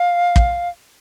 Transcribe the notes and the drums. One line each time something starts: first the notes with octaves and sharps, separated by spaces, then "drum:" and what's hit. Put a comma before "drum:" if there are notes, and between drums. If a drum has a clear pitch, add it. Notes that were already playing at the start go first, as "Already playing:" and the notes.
Already playing: F5
drum: kick